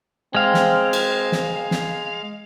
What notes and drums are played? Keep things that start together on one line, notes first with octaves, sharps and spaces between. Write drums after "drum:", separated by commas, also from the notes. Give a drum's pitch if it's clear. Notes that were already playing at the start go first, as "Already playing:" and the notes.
G#3 C4 F5
drum: snare
drum: cymbal
drum: snare
drum: snare